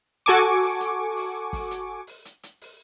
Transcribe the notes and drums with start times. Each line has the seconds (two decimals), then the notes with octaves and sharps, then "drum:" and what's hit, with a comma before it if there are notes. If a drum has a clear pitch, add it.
0.26 F#4 A4 G#5 C#6 D6, drum: hi-hat
0.62 drum: open hi-hat
0.80 drum: hi-hat
1.17 drum: open hi-hat
1.53 drum: kick, open hi-hat
1.71 drum: hi-hat
2.07 drum: open hi-hat
2.25 drum: hi-hat
2.43 drum: hi-hat
2.61 drum: open hi-hat